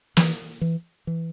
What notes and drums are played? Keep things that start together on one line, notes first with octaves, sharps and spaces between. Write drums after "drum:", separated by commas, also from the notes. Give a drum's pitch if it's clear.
E3, drum: snare
E3
E3